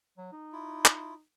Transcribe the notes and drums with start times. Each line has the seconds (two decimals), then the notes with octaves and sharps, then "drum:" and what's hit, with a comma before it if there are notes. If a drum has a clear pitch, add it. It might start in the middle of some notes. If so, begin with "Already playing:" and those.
0.17 F#3
0.32 D#4
0.52 E4 F4
0.85 drum: clap